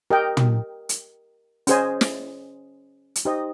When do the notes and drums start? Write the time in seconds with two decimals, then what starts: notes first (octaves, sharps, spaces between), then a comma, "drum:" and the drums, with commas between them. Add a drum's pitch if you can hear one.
0.11 G4 A#4 D#5 G5
0.37 drum: tom
0.89 drum: hi-hat
1.67 C#4 G#4 C5 D#5 G#5, drum: hi-hat
2.01 drum: snare
3.16 drum: hi-hat
3.25 D#4 G4 C5 D#5